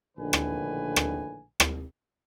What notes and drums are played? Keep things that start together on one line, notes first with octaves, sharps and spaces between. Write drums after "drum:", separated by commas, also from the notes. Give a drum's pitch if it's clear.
A#1 A2 D3 D#3 B4 G#5
drum: rim click
drum: rim click
drum: rim click